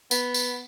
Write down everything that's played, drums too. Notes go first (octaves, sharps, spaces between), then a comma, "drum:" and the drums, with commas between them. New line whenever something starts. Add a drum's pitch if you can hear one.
B3, drum: tambourine
drum: tambourine